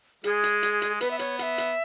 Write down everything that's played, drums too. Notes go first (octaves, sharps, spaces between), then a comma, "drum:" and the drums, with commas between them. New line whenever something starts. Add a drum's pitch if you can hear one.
G#3 G#4, drum: hi-hat
drum: hi-hat
drum: hi-hat
drum: hi-hat
B3 B4, drum: hi-hat
E5
C#5, drum: hi-hat
F#5, drum: hi-hat
E5
drum: hi-hat